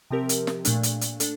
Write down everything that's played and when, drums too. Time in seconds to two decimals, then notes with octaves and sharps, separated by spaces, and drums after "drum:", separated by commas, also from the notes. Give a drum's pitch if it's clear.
0.11 C3 F3 C4 G4 A#4
0.29 drum: hi-hat
0.47 drum: snare
0.65 A#2 A3 D4, drum: hi-hat
0.83 drum: hi-hat
1.01 drum: hi-hat
1.20 D4 A4, drum: hi-hat